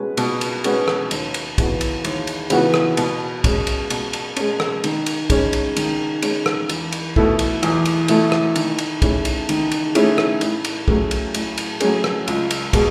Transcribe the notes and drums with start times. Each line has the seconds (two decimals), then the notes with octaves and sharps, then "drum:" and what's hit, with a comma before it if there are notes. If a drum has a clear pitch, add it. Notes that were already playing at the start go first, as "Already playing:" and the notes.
Already playing: B2 G#3 C#4 F#4 B4
0.17 B2, drum: cymbal
0.41 drum: cymbal
0.64 G#3 C#4 F#4 B4, drum: cymbal
0.88 drum: rim click
1.11 D#2, drum: cymbal
1.34 drum: cymbal
1.58 C#3 E3 B3 F#4, drum: kick, cymbal
1.81 drum: cymbal
2.04 D#2, drum: cymbal
2.27 drum: cymbal
2.50 C#3 E3 B3 F#4, drum: cymbal
2.74 drum: rim click
2.97 B2, drum: cymbal
3.44 G#3 C#4, drum: kick, cymbal
3.67 drum: cymbal
3.90 B2, drum: cymbal
4.13 drum: cymbal
4.36 G#3 C#4, drum: cymbal
4.60 drum: rim click
4.84 D#3, drum: cymbal
5.06 drum: cymbal
5.30 G#3 C#4, drum: kick, cymbal
5.53 drum: cymbal
5.76 D#3, drum: cymbal
6.22 G#3 C#4, drum: cymbal
6.46 drum: rim click
6.69 E2, drum: cymbal
6.92 drum: cymbal
7.16 B2 A3 E4 A4, drum: kick
7.39 drum: cymbal
7.63 E2, drum: cymbal
7.85 drum: cymbal
8.08 B2 A3 E4 A4, drum: cymbal
8.32 drum: rim click
8.56 D#3, drum: cymbal
8.78 drum: cymbal
9.02 A3 C#4 E4 G#4, drum: kick, cymbal
9.25 drum: cymbal
9.49 D#3, drum: cymbal
9.71 drum: cymbal
9.95 A3 C#4 E4 G#4, drum: cymbal
10.18 drum: rim click
10.41 A2, drum: cymbal
10.65 drum: cymbal
10.88 F#3 A3 C#4 G#4, drum: kick
11.11 drum: cymbal
11.34 A2, drum: cymbal
11.58 drum: cymbal
11.80 F#3 A3 C#4 G#4, drum: cymbal
12.04 drum: rim click
12.28 C#2, drum: cymbal
12.51 drum: cymbal
12.73 B2 G#3, drum: kick, cymbal